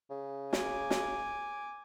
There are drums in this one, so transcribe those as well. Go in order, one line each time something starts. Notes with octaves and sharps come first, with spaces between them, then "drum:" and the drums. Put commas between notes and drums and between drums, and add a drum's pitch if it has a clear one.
C#3
G#5 D6, drum: snare
drum: snare